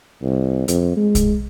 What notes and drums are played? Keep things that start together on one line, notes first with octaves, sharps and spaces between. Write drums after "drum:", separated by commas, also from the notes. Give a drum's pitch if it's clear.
C2
F2, drum: hi-hat
G#3
drum: kick, hi-hat